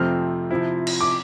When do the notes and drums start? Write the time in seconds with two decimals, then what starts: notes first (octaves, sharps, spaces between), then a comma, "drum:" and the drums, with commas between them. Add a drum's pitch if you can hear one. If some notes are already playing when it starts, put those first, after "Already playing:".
Already playing: F2 C3 F3 A3 C4 F6
0.51 C3 F3 C4 E4
0.87 drum: cymbal
1.01 D6